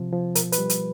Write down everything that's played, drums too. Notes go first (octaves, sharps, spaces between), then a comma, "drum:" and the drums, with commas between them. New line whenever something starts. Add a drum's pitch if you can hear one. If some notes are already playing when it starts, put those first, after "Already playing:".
Already playing: C3 F3
F3
B2 A#4, drum: hi-hat
B4, drum: hi-hat
G3
drum: hi-hat